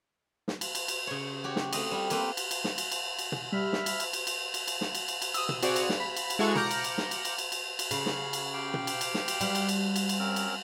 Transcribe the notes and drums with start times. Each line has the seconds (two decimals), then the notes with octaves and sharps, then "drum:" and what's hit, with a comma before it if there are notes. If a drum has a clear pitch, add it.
0.48 drum: snare
0.61 drum: cymbal
0.75 drum: cymbal
0.88 drum: cymbal
1.07 C#3 C#5
1.44 F#4 G4 C#5
1.56 drum: snare
1.73 A3 C4 D#5, drum: cymbal
1.91 G3 F4
2.10 A3 A#3 C4 B4, drum: cymbal
2.37 drum: cymbal
2.51 drum: cymbal
2.64 drum: snare
2.78 drum: cymbal
2.91 drum: cymbal
3.19 drum: cymbal
3.32 drum: tom B2
3.52 G3 E5 B5 F6
3.73 drum: snare
3.86 drum: cymbal
4.00 drum: cymbal
4.13 drum: cymbal
4.27 drum: cymbal
4.54 drum: cymbal
4.67 drum: cymbal
4.81 drum: snare
4.95 drum: cymbal
5.08 drum: cymbal
5.22 drum: cymbal
5.34 D#6 E6, drum: cymbal
5.49 drum: tom B2
5.62 C4 F#4 G#4 D5, drum: cymbal
5.76 drum: cymbal
5.89 drum: snare
6.00 B5
6.16 drum: cymbal
6.30 drum: cymbal
6.39 G#3 E4 F#4 A4 C#6
6.55 A#5 D6 F6 G6 A#6 C#7, drum: tom B2
6.71 drum: cymbal
6.84 drum: cymbal
6.98 drum: snare
7.11 drum: cymbal
7.25 drum: cymbal
7.38 drum: cymbal
7.52 drum: cymbal
7.79 drum: cymbal
7.91 C#3 F5, drum: cymbal
8.06 drum: snare
8.33 drum: cymbal
8.53 G4 F5 G5
8.74 drum: tom B2
8.87 drum: cymbal
9.01 drum: cymbal
9.14 drum: snare
9.28 drum: cymbal
9.41 G3, drum: cymbal
9.55 drum: cymbal
9.69 drum: cymbal
9.96 drum: cymbal
10.09 drum: cymbal
10.19 C4 C#4 A#4
10.36 drum: cymbal